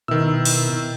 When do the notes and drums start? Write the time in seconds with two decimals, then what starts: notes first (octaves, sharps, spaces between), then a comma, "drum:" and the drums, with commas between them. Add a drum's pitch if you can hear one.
0.08 B2 D#3 E4 E6
0.45 drum: open hi-hat